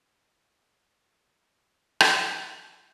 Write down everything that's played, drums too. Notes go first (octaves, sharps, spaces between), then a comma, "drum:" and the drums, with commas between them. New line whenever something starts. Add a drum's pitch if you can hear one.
A3 B3 C5 D#5 G6 B6
A#4 F5 G#5 A#5 C6
drum: rim click
G#4 F#5 C6
D#4 F4 G#4 C5 G5 G#5